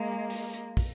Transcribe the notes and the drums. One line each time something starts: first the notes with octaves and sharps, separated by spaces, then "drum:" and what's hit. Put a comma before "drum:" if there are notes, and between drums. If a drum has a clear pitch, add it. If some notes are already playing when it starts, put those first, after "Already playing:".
Already playing: G#3 A#3
drum: open hi-hat
drum: hi-hat
drum: kick, open hi-hat